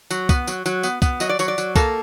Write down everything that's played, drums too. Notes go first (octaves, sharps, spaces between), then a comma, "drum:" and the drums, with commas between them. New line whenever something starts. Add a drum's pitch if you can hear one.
F#3, drum: tambourine
B3, drum: kick, tambourine
F#3, drum: tambourine
F#3, drum: tambourine
B3, drum: tambourine
B3, drum: kick, tambourine
F#3 D#5, drum: tambourine
D5
F#3 C#5, drum: tambourine
D5
F#3, drum: tambourine
A#3 A4, drum: kick, tambourine